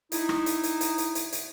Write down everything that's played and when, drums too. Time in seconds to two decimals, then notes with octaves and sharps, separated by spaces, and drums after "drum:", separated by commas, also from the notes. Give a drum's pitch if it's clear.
0.12 D#4 E4, drum: hi-hat
0.29 drum: rim click
0.46 drum: hi-hat
0.63 drum: hi-hat
0.81 drum: hi-hat
0.98 drum: hi-hat
1.15 drum: hi-hat
1.32 drum: hi-hat